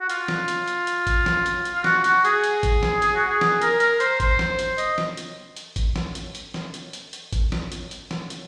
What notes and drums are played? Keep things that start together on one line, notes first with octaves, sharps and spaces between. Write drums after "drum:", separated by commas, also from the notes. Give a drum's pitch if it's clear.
F#4
F4, drum: hi-hat
drum: snare
drum: hi-hat
drum: hi-hat
drum: hi-hat
drum: kick G#1, hi-hat
drum: snare
drum: hi-hat
drum: hi-hat
F4
F#4, drum: snare
F#4, drum: hi-hat
G#4, drum: hi-hat
drum: hi-hat
drum: kick G#1, hi-hat
drum: snare
G#4, drum: hi-hat
F#4
G#4
drum: snare
A#4, drum: hi-hat
A#4, drum: hi-hat
C5, drum: hi-hat
C5, drum: kick G#1, hi-hat
drum: snare
drum: hi-hat
D#5, drum: hi-hat
drum: snare
drum: hi-hat
drum: hi-hat
drum: kick G#1, hi-hat
drum: snare
drum: hi-hat
drum: hi-hat
drum: snare
drum: hi-hat
drum: hi-hat
drum: hi-hat
drum: kick G#1, hi-hat
drum: snare
drum: hi-hat
drum: hi-hat
drum: snare
drum: hi-hat